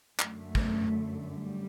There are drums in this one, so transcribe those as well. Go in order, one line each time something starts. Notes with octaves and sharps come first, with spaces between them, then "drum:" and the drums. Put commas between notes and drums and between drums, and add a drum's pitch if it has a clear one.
F#2 D3 A3, drum: clap
drum: kick
G3